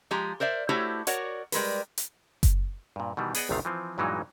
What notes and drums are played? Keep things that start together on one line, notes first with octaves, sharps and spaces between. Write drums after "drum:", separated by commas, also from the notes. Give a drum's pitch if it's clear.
F3 G#3 G4 G#5 A#5
A#4 C5 D5 E5
A3 E4 F#4 G4 C5 C#5
F#4 A#4 C#5 D5 F#5, drum: hi-hat
G3 G#3 A#4 B4, drum: open hi-hat
drum: hi-hat
drum: kick F#1, hi-hat
G2 A#2
B2 D#3 E3 G3
B3 G#4 D5 D#5 F#5, drum: open hi-hat
A#1 E2 C3 D#3 A3 F5
E3 F3 C4
G2 A#2 E3 F#3 G#3 D#4